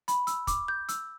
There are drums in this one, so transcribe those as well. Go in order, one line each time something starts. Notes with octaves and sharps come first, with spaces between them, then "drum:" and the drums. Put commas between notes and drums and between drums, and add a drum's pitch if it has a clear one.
B5, drum: hi-hat
E6, drum: hi-hat
D6, drum: kick, hi-hat
G6
E6, drum: hi-hat